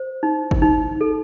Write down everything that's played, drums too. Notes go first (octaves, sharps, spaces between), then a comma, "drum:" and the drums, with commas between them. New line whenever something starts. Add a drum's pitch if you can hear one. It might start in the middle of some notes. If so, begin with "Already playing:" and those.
Already playing: C5
D#4
drum: kick G1
D#4
A4